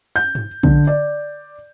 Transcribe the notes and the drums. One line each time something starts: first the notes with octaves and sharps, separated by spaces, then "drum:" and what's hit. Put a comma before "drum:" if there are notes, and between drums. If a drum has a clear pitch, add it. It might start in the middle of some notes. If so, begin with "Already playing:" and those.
G6
drum: tom G2
D3, drum: kick
D5